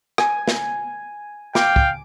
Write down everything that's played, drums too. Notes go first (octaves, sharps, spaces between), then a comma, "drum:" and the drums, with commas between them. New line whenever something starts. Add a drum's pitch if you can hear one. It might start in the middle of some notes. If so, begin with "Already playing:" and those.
G#5, drum: rim click
drum: snare
F5 G5 D6, drum: snare
drum: kick